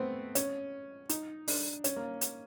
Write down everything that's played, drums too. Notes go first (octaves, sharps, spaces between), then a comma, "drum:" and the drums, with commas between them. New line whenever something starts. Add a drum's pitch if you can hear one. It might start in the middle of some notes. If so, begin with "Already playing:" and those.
Already playing: A3 B3 C4
C#4, drum: hi-hat
D#4, drum: hi-hat
D4, drum: open hi-hat
C#4, drum: hi-hat
A#3
drum: hi-hat